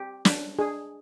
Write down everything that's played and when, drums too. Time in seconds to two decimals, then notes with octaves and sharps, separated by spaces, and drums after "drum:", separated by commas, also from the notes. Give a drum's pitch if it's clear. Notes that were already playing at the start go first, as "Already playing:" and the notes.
Already playing: G4
0.25 D4, drum: snare
0.59 D4 G#4